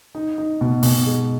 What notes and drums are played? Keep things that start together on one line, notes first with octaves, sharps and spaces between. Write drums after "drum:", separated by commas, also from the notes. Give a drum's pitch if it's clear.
D#4
D#4
B2
B2, drum: open hi-hat
G#3